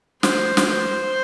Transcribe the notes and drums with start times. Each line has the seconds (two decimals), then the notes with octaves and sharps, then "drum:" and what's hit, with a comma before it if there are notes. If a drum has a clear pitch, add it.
0.23 C5, drum: snare
0.57 drum: snare
0.73 C5